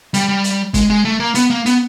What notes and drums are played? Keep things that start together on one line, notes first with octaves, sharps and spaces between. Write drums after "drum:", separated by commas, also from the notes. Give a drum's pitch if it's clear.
G3, drum: hi-hat
G3
drum: hi-hat
G#3, drum: kick, hi-hat
G#3
A3
A#3
B3, drum: hi-hat
A#3
B3, drum: hi-hat